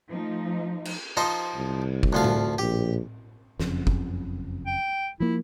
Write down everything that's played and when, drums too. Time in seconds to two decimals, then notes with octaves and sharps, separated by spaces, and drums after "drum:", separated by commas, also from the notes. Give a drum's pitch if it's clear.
0.10 F3 A3 D#4
0.85 drum: cymbal
1.17 F3 D#4 C5
1.55 C2
2.03 drum: kick
2.13 D2 F3 F5
2.24 drum: tom A2
2.58 A#1 G4
3.59 F#1 F2 C#3, drum: snare
3.87 drum: kick
4.67 G5
5.20 F3 A#3 E4